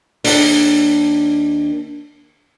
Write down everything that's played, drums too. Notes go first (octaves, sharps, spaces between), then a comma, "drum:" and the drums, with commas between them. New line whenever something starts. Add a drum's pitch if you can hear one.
D#2 D4, drum: open hi-hat